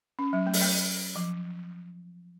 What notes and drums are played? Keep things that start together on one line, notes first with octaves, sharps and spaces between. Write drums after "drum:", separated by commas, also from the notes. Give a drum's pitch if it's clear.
C#4
F#3
A3
F#3, drum: open hi-hat
A3
F3